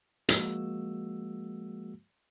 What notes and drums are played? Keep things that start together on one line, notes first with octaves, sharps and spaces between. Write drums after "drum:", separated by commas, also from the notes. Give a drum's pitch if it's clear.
F3 G#3 A#3 F#4 E6, drum: hi-hat